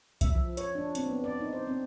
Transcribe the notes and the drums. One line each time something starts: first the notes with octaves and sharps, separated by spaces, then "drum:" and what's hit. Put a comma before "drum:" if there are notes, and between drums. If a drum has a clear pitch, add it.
E5, drum: kick B1, hi-hat
F3
C#5, drum: hi-hat
D4
C4, drum: hi-hat
B3
D5
D#4
C5
C4